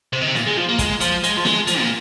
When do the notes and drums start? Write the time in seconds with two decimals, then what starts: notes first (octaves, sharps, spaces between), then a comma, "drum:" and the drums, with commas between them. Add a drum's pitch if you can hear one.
0.13 C3
0.21 D#3
0.28 C3
0.35 A#2, drum: snare
0.46 G#3
0.57 F3
0.69 A#3
0.79 G#3, drum: kick, hi-hat
1.01 F3, drum: hi-hat
1.24 G#3, drum: hi-hat
1.37 F3
1.45 G#3, drum: snare
1.67 F3, drum: hi-hat
1.80 A#2